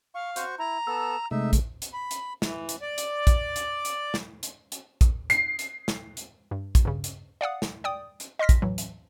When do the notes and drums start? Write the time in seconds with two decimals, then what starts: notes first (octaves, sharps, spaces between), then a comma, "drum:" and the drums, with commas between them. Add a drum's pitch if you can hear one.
0.14 F5 C#6
0.36 F#4 C5 C#6, drum: hi-hat
0.59 E4 A#5
0.87 B3 A4 E6
1.31 C3 G#3 A3 D#4 E5
1.53 drum: kick A#1, hi-hat
1.82 drum: hi-hat
1.93 B5
2.11 drum: hi-hat
2.42 E3, drum: snare
2.69 drum: hi-hat
2.82 D5
2.98 drum: hi-hat
3.27 drum: kick A#1, hi-hat
3.56 drum: hi-hat
3.85 drum: hi-hat
4.14 drum: snare
4.43 drum: hi-hat
4.72 drum: hi-hat
5.01 drum: kick A#1, hi-hat
5.30 C7, drum: hi-hat
5.59 drum: hi-hat
5.88 drum: snare
6.17 drum: hi-hat
6.51 G2
6.75 drum: kick A#1, hi-hat
6.85 G2 C#3
7.04 drum: hi-hat
7.41 D5 F5 F#5 D#6
7.62 drum: snare
7.84 D5 G5 D#6
8.20 drum: hi-hat
8.39 D#5 C6 F6 A#6 B6
8.49 drum: kick A#1, hi-hat
8.62 A2 E3 F#3
8.78 drum: hi-hat